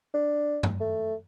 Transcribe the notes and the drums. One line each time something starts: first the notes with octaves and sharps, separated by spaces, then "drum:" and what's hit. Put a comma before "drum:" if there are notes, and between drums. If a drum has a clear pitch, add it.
D4
drum: tom G2
A3